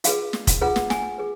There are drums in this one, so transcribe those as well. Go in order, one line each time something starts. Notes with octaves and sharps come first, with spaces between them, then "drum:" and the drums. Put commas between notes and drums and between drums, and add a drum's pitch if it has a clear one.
F4 G#4 B4 F5, drum: hi-hat
drum: snare
drum: kick, hi-hat
F4 G#4 B4 F#5
drum: snare
G#5, drum: snare
G#4 B4